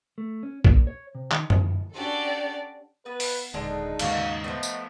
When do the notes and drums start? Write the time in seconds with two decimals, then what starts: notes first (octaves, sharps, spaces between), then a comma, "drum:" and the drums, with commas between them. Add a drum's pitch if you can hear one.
0.18 A3
0.43 C#4
0.64 A#2, drum: kick B1
0.87 C#5
1.15 C3
1.31 D#3, drum: clap
1.50 C4, drum: tom
1.95 C#4 D4 F#4 G4 A4 D5
3.06 B3 B4
3.20 drum: open hi-hat
3.54 D#1 D3 G#3 D4 D#4
3.99 D#2 G#2 C#3 A#3 F#4, drum: cymbal
4.44 F3 A3 B3 D#5
4.63 drum: tambourine